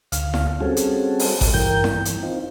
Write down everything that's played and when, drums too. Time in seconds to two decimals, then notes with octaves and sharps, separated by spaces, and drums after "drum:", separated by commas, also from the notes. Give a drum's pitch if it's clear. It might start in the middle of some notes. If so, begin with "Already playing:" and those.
0.12 D2 F5, drum: hi-hat
0.34 drum: snare E4
0.61 G3 C4 C#4 F#4 G#4 A4
0.77 drum: hi-hat
1.19 drum: open hi-hat
1.41 drum: kick G#1, open hi-hat
1.54 G2 E3 A#4 G5 G6
1.84 drum: snare E4
1.94 E3
2.05 drum: hi-hat
2.23 C4 D#4 F4